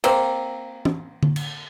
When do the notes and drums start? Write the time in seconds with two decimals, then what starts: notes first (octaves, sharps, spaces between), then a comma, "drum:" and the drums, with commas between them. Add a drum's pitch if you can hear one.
0.04 A#3 C4, drum: cymbal
0.85 drum: tom
1.23 drum: tom D3
1.36 drum: cymbal